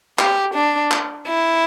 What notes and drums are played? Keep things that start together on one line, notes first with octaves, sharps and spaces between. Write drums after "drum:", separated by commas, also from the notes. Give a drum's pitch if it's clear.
G4, drum: clap
D4
drum: clap
E4